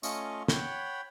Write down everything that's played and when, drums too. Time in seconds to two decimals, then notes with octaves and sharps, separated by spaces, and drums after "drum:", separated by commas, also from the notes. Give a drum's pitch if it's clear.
0.03 A3 C#4 F4 D#5 C#6, drum: tambourine
0.48 C#5 F#5 G5 B5, drum: snare